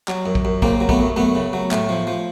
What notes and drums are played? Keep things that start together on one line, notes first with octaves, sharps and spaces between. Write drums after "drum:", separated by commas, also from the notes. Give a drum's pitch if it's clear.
F#3, drum: clap
F#2
drum: kick
F#2
C#3 A#3 C4, drum: kick
F#3
A3 B3, drum: kick
F#2
F#2 A3 B3
C#3
F#3
A2 A3, drum: clap
F3
F3